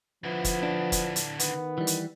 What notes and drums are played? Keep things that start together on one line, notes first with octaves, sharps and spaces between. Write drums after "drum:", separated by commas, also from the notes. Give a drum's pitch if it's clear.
D3 F3 B3 E4
drum: kick, hi-hat
D4
drum: kick, hi-hat
drum: hi-hat
D#3 B3, drum: hi-hat
E3 G3
drum: hi-hat